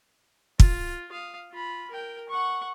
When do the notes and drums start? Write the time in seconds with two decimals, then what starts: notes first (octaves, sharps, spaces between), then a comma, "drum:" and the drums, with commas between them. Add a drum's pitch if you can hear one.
0.60 F4, drum: kick
1.11 F5 D#6
1.52 F4 B5
1.91 A#4 G5
2.29 F#5 C#6